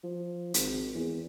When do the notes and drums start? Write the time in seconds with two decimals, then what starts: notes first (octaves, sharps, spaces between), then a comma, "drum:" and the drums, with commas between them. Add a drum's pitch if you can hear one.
0.03 F3
0.54 G#1, drum: hi-hat
0.94 E2